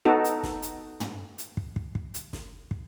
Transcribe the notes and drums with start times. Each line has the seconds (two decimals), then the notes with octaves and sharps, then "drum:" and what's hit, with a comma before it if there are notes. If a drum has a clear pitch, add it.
0.05 B3 D#4 F#4 A4
0.24 drum: hi-hat
0.43 drum: snare
0.62 drum: hi-hat
1.00 drum: tom
1.38 drum: hi-hat
1.57 drum: kick
1.76 drum: kick
1.95 drum: kick
2.14 drum: hi-hat
2.33 drum: snare
2.71 drum: kick